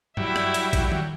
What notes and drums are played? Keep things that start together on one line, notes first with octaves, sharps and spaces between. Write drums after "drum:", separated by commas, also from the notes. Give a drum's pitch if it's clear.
F#3 G3 E4 E5, drum: tom G2
drum: rim click
drum: hi-hat
drum: kick A#1, hi-hat
drum: tom D#3